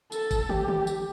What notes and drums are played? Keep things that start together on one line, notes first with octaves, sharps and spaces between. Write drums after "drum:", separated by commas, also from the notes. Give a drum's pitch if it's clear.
A4, drum: tambourine
drum: kick G1, tambourine
G4, drum: tom
drum: tom
drum: tambourine